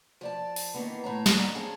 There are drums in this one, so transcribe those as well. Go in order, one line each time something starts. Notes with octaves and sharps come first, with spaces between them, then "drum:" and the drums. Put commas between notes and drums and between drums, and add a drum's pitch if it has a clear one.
F3 D5 A5
drum: open hi-hat
D#3 E3 A#3 B3
A2 C#5 A#5
drum: snare
G2 A#3 D#5 F#5 A#5
C4 C#4 G#4 A4 F5